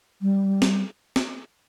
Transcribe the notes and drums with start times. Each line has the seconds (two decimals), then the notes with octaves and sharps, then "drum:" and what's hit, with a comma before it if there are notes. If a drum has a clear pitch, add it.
0.21 G3
0.62 drum: snare
1.16 drum: snare